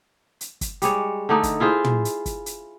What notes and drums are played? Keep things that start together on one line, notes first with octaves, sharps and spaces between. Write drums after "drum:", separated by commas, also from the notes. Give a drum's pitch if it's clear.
drum: hi-hat
drum: kick, hi-hat
G3 G#3 C#5, drum: hi-hat
D3 A3 D#4
drum: kick, hi-hat
E4 F4 G#4 C5
drum: tom
drum: hi-hat
drum: kick, hi-hat
drum: hi-hat